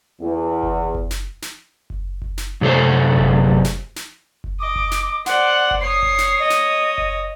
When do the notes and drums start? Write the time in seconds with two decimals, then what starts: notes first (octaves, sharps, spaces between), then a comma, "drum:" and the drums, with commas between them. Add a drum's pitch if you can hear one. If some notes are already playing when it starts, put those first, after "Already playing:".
0.22 E2
0.63 drum: kick F#1
0.95 drum: kick F#1
1.11 drum: snare
1.42 drum: snare
1.90 drum: kick F#1
2.22 drum: kick F#1
2.38 drum: snare
2.61 F#2 C3 F#3 A4 C5
3.17 drum: kick F#1
3.49 drum: kick F#1
3.64 drum: snare
3.96 drum: snare
4.44 drum: kick F#1
4.60 D#5 D6
4.76 drum: kick F#1
4.91 drum: snare
5.26 C5 D5 F#5, drum: snare
5.71 drum: kick F#1
5.81 C#5 D#6 C7
6.03 drum: kick F#1
6.18 drum: snare
6.39 D#5
6.50 drum: snare
6.98 drum: kick F#1